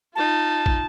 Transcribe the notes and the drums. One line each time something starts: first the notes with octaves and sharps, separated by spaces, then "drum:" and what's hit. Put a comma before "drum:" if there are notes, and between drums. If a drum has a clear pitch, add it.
D#4 F4 A5
drum: kick